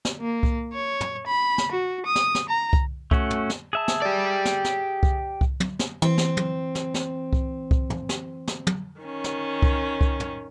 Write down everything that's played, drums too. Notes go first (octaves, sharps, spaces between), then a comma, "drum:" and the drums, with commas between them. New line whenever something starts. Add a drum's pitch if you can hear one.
drum: snare
A#3
drum: kick C2
C#5
drum: tom
B5
drum: snare
F#4
D#6
drum: snare
drum: snare
A#5
drum: kick C2
A3 C#4 F#4, drum: kick C2
drum: tom
drum: snare
G#4 E5 A5
drum: snare
G4 D5
drum: snare
drum: snare
drum: kick C2
drum: kick C2
drum: tom
drum: snare
E3 C4
drum: snare
drum: tom
drum: snare
drum: snare
drum: kick C2
drum: kick C2
drum: tom
drum: snare
drum: snare
drum: tom
D#3 C#4
drum: snare
drum: kick C2
drum: kick C2
drum: tom